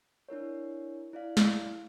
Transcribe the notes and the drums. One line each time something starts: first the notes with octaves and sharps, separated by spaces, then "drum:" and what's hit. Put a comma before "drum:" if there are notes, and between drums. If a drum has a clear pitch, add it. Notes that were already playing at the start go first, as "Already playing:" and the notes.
D4 E4 A#4 C#5
E4 D5 F5
drum: snare